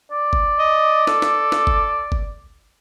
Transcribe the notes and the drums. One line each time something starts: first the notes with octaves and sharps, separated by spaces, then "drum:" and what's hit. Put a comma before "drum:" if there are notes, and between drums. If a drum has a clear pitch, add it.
D5
drum: kick G1
D#5
A4, drum: snare
drum: snare
drum: snare
drum: kick G1
drum: kick G1